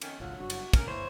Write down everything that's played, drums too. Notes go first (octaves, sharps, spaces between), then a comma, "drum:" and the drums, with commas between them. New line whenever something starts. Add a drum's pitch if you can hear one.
F2 D#3 C#4, drum: cymbal
G#1 C#2 D3 F#3 F4
F#1 G2 D4 F#4
drum: cymbal
G1 D2 C#4 A#4, drum: kick, cymbal
A#2 E3 A#3 E4 C5 C#5